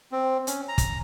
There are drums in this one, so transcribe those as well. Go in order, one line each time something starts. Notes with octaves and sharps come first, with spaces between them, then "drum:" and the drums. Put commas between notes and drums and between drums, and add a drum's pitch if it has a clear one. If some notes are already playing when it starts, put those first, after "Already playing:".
C4
C#4, drum: hi-hat
A#5
drum: kick, hi-hat